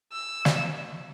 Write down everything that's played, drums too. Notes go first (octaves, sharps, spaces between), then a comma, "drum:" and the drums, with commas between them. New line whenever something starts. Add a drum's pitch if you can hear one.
E6
drum: snare